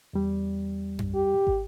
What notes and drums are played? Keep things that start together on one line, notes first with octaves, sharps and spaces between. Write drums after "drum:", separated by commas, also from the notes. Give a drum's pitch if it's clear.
E2 G3
drum: tom F#2
G4
drum: kick